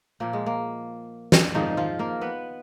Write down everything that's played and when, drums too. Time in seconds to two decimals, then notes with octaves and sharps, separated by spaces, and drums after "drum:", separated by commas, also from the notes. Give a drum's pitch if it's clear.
0.20 A#2 F3 A#3
0.33 G#3
0.46 A#3
1.32 drum: snare
1.54 G#2 D#3 F3 D#4
1.77 F3 F4
1.99 A#3 A#4
2.21 B3 B4